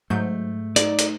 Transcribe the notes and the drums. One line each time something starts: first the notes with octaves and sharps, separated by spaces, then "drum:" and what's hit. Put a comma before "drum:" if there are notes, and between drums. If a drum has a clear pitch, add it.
G#2 F#3 A3 G6
D#4 D5, drum: hi-hat
drum: hi-hat